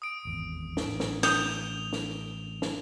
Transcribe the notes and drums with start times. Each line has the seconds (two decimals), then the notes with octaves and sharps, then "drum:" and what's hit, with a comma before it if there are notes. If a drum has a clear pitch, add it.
0.02 D#6 D7
0.25 D#1 G#1 E2
0.77 drum: snare
0.87 A1
1.00 drum: snare
1.23 D#6 G6 E7 F7 G7, drum: snare
1.93 drum: snare
2.62 drum: snare